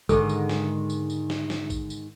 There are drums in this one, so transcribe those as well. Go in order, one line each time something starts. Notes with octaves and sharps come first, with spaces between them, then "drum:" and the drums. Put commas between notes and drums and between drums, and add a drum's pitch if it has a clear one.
G#2 D3 D#3 G#3 A4, drum: kick G#1, tambourine
drum: tambourine
drum: snare
drum: tambourine
drum: tambourine
drum: snare
drum: snare
drum: kick G#1, tambourine
drum: tambourine